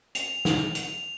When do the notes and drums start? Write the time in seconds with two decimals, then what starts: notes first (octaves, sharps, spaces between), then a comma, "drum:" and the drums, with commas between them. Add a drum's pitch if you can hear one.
0.15 F7, drum: hi-hat
0.45 drum: snare
0.75 F7, drum: hi-hat